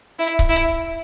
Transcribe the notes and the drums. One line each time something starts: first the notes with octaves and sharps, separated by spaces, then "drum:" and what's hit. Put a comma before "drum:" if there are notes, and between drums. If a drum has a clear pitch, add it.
E4
drum: kick C#1
E4